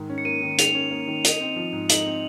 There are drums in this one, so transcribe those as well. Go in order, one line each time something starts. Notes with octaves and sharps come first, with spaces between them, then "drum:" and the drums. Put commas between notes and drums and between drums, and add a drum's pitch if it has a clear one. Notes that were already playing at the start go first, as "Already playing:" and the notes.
Already playing: G#2 D#3
C#4
C#7
A#3 D#7
D#3
D#3 F7, drum: hi-hat
C#4
A#3
D#3
D#4, drum: hi-hat
C4
F3
G#2
D#4 F#7, drum: hi-hat
C4